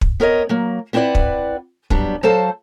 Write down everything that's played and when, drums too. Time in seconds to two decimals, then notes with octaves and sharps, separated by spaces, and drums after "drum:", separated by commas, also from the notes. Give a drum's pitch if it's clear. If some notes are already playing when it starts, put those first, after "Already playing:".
0.01 drum: kick
0.20 B3 A#4 C#5 D#5
0.49 F#3 A#3
0.93 B3 C4 E4 B4 D5 F#5
1.15 drum: kick
1.90 F#3 G3 B3 D4, drum: kick
2.23 F#3 A4 C5 F5 A5